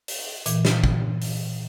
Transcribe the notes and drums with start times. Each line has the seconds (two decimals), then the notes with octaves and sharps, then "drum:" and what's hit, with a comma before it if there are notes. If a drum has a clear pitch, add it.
0.08 drum: open hi-hat
0.46 A#2 E3, drum: hi-hat
0.65 drum: snare
0.84 drum: kick
1.21 drum: open hi-hat